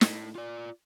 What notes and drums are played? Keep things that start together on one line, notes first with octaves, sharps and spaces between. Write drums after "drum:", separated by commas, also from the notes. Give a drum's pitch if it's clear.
A2, drum: snare
F4 D5